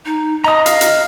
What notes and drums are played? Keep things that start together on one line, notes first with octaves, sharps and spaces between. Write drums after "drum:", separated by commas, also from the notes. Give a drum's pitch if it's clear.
D#4
D#5 A#5 D#6
F5, drum: hi-hat
drum: hi-hat